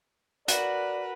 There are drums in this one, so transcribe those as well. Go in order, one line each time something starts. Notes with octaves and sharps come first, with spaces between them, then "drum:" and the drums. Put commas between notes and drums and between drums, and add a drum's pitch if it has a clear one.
F#4 A#4 B4 D5, drum: hi-hat